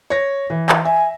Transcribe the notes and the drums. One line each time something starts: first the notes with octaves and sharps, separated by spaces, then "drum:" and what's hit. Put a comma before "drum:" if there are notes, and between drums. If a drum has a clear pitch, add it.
C#5 A#6
E3
drum: clap
E5 G#5